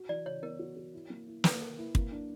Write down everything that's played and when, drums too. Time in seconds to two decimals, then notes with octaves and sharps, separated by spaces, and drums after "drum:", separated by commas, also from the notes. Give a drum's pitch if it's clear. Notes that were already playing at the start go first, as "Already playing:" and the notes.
Already playing: F#4
0.09 E3 D5
0.26 C#3 C#5
0.42 B3 A#4
0.59 F#4
0.77 F#4
0.93 E4
1.10 A#3
1.27 E4
1.44 A#3 B4, drum: snare
1.61 A#4
1.78 E4
1.95 A#3, drum: kick
2.12 D4